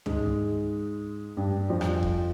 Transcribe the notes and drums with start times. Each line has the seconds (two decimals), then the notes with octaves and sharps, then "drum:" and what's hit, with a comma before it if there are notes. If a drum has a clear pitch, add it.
0.06 G#2 G#3, drum: tom
1.37 G2 G3
1.69 F2 F3
1.81 drum: rim click
2.03 drum: kick E1